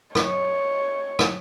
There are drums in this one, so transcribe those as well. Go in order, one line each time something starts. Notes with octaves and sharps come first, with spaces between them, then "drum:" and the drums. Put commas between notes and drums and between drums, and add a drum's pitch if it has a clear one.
C#5, drum: rim click
drum: rim click